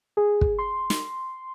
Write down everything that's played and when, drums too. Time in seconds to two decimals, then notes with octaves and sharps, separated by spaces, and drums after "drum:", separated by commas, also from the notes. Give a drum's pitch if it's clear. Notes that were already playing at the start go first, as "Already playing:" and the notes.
0.17 G#4
0.41 drum: kick
0.59 C6
0.90 drum: snare